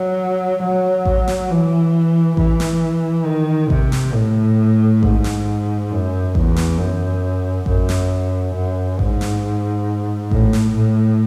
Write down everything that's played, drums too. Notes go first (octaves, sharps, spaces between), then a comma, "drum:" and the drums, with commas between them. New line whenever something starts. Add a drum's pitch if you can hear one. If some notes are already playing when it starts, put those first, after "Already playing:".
Already playing: F#3
F#3
drum: kick A1
drum: snare
E3
E3, drum: kick A1
drum: snare
D#3
C3, drum: kick A1
drum: snare
A2
G#2, drum: kick A1
drum: snare
F#2
E2, drum: kick A1
drum: snare
F#2
F#2, drum: kick A1
drum: snare
F#2
G#2, drum: kick A1
drum: snare
A2, drum: kick A1
drum: snare
A2